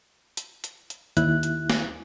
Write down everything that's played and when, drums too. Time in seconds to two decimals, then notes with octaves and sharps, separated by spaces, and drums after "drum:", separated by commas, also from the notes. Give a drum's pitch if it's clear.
0.37 drum: hi-hat
0.64 drum: hi-hat
0.90 drum: hi-hat
1.17 D#2 E4 F#6, drum: hi-hat
1.43 drum: hi-hat
1.70 drum: snare